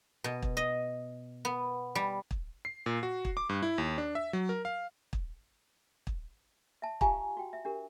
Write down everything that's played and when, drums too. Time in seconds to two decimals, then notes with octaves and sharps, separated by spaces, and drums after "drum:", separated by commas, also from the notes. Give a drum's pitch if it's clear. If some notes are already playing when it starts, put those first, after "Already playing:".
0.24 B2
0.43 drum: kick
0.57 D#5
1.45 B3
1.95 G3
2.31 drum: kick
2.65 C7
2.86 A#2
3.03 F#4
3.25 drum: kick
3.37 D6
3.49 G2
3.63 E4
3.78 D#2
3.98 D4
4.15 E5
4.33 F#3
4.49 A#4
4.65 F5
5.13 drum: kick
6.07 drum: kick
6.82 E5 A5
7.01 F4 G4 F5 G#5 A#5 C#6, drum: kick
7.37 F#4 G5
7.53 E5
7.65 D4 G4 A#4